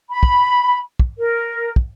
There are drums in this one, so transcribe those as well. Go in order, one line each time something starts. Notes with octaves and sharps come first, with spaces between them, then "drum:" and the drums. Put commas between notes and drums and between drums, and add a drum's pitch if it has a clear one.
B5
drum: kick
drum: kick
A#4
drum: kick